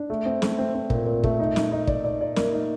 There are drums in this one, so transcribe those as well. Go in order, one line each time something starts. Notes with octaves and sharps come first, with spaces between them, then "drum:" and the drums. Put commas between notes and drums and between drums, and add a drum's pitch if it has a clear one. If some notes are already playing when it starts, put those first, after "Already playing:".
Already playing: D4
A3
C4
A3, drum: snare
C4
C4
A#2, drum: kick
A#2
A3, drum: kick
D#4
D#4, drum: snare
D#4
D5, drum: kick
D5
D5
A#3, drum: snare
D#4